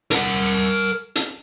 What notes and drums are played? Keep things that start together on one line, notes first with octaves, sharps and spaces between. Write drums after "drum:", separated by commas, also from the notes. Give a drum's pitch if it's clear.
A#4 F#5, drum: hi-hat
drum: hi-hat